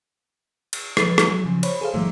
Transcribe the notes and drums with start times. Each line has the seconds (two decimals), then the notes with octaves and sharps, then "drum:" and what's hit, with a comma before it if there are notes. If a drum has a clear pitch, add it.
0.73 drum: cymbal
0.97 F3 B4 A6, drum: rim click
1.18 drum: rim click
1.29 F#3
1.44 C#3 F3
1.63 C5 C#5 B5, drum: cymbal
1.81 G#4 A4 C5 F5
1.94 G#2 D#3 F3 G3 A3